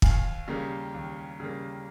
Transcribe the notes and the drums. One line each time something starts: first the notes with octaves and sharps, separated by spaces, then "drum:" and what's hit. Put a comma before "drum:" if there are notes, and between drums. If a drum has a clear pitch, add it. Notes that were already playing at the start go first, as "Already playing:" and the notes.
D#2 F5 G#5, drum: kick
C#3 G3 A#3
D#2
C#3 G3 A#3